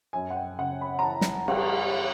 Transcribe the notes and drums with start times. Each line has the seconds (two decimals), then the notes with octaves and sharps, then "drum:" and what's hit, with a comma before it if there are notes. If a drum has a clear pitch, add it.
0.13 F#2 G#5
0.30 F#5
0.36 G5
0.58 C#3 F#5
0.81 B5
0.99 A#5
1.03 E3 A5
1.21 drum: snare
1.48 G3, drum: cymbal